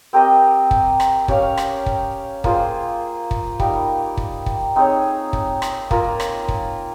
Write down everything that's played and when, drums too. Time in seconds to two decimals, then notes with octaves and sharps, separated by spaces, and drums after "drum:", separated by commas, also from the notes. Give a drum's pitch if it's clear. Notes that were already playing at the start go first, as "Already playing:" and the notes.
0.13 C4 G4 A#4 D#5
0.71 drum: kick
1.00 drum: rim click
1.28 C#4 G4 C#5 F5, drum: kick
1.57 drum: rim click
1.86 drum: kick
2.44 A#3 F4 G#4 C5, drum: kick
3.31 drum: kick
3.60 G3 A#3 D#4 A#4, drum: kick
4.17 drum: kick
4.46 drum: kick
4.76 C4 D#4 G#4 C#5
5.33 drum: kick
5.62 drum: rim click
5.91 A#3 F4 A#4, drum: kick
6.20 drum: rim click
6.48 drum: kick